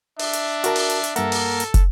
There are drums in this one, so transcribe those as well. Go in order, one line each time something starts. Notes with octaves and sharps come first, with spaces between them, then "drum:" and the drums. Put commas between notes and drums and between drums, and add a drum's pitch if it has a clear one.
D4 E5, drum: open hi-hat
drum: hi-hat
F#4 A#4 A5, drum: hi-hat
drum: open hi-hat
drum: hi-hat
drum: hi-hat
G2 A#3 A4 A#4 F#5, drum: hi-hat
drum: open hi-hat
drum: hi-hat
drum: kick, hi-hat